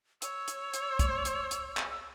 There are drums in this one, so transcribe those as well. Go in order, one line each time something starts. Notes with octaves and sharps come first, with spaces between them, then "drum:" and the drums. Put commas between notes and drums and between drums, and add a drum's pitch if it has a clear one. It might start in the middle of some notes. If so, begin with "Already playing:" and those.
C#5 E6, drum: hi-hat
drum: hi-hat
drum: hi-hat
drum: kick, hi-hat
drum: hi-hat
drum: hi-hat
drum: clap